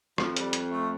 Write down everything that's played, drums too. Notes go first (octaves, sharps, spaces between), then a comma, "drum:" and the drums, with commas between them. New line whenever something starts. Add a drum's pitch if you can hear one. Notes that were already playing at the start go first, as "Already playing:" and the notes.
F2 F3, drum: rim click
G3, drum: hi-hat
drum: hi-hat
A3